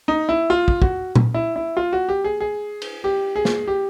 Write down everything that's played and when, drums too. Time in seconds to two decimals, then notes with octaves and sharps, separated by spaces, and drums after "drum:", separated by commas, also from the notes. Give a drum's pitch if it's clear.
0.08 D#4
0.29 E4
0.50 F4
0.68 drum: kick
0.82 F#4, drum: kick
1.16 drum: tom A#2
1.34 E4
1.56 E4
1.77 F4
1.93 F#4
2.09 G4
2.24 G#4
2.40 G#4
2.82 drum: cymbal
3.04 G4
3.36 G#4
3.45 drum: snare
3.68 G4